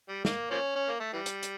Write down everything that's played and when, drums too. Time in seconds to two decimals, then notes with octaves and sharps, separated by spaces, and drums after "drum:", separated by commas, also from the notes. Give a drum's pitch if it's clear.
0.09 G3
0.25 A#3, drum: snare
0.51 F3 A#3 C#4
0.76 C#4
0.88 A#3
1.00 A3
1.13 E3 G3
1.26 drum: hi-hat
1.43 drum: hi-hat